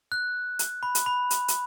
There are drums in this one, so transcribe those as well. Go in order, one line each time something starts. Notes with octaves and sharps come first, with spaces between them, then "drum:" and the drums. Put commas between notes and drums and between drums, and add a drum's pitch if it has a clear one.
F#6
drum: hi-hat
B5
drum: hi-hat
B5
drum: hi-hat
drum: hi-hat